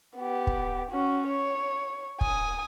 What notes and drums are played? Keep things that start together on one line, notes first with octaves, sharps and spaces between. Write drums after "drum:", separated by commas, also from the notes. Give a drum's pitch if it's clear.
B3 G4
drum: kick
C#4 F#4
C#5
G#5 D#6, drum: kick